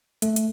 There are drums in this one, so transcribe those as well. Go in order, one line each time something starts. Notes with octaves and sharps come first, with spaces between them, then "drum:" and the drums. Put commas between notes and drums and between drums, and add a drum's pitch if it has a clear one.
A3, drum: hi-hat
drum: hi-hat